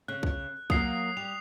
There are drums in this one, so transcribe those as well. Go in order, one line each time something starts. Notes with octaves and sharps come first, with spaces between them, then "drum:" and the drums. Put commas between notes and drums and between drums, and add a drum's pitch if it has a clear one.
C#3 F#6
drum: kick
F#3 A#3 F5 D#6 C7, drum: kick
G3 F7